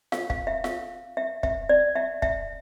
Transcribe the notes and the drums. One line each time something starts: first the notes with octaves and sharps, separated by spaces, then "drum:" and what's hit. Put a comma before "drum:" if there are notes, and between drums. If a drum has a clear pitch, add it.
F5, drum: snare F4
F5, drum: kick
E5
F5, drum: snare F4
E5
E5, drum: kick
D5
E5
E5, drum: kick